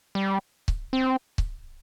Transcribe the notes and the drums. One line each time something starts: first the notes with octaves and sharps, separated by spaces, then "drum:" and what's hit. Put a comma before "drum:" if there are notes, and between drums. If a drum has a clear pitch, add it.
G3
drum: kick C#1
C4
drum: kick C#1